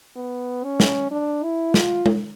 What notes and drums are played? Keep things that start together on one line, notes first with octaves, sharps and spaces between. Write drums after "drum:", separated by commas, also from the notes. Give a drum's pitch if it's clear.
B3
C#4
drum: snare
D4
E4
F4, drum: snare
drum: tom G#3